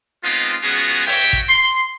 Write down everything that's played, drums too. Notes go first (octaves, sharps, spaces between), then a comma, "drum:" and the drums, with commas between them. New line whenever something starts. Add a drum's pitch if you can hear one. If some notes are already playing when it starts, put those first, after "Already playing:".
G#3 B3 C4 D#4 F4
G#3 B3 C#4 F4 F#4 G#4
F#4 C#5 E5 G5, drum: open hi-hat
drum: kick
C6